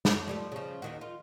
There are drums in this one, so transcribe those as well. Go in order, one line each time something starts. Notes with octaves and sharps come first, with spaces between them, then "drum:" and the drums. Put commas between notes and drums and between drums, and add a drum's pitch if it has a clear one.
C#5, drum: snare
F3 G3 A3
C#3 F3
D#2 D#3 F#4
F4